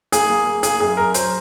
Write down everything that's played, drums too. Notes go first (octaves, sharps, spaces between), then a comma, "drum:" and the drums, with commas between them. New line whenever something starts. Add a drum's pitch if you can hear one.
A#3 G#4, drum: hi-hat
A#3
A#3
A#3 G#4, drum: hi-hat
F#2 G#4
F#2 A#4
F#3 C5, drum: hi-hat